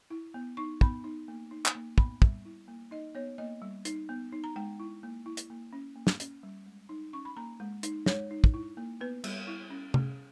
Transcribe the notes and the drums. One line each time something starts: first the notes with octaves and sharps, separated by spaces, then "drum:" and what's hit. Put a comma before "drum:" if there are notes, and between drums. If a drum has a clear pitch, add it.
E4
B3
D#4 C#6
B3 B5, drum: kick
D#4
A#3
D#4
drum: clap
A#3
B3 B5, drum: kick
G3, drum: kick
E4
A#3
D#4 D#5
B3 C#5
A#3 D#5
G3
D#4, drum: hi-hat
B3
D#4
A#5
G#3 G5
E4
A#3
E4
drum: hi-hat
A#3
C#4
A#3
drum: snare
C#4, drum: hi-hat
G3
G#3
D#4
C#4 C#6
B5
A#3 A#5
G#3
D#4, drum: hi-hat
G#3 C#5, drum: snare
D#4
drum: kick
E4
A#3
B3 B4
G3, drum: cymbal
E4
C#4
C#4 G#4, drum: tom C3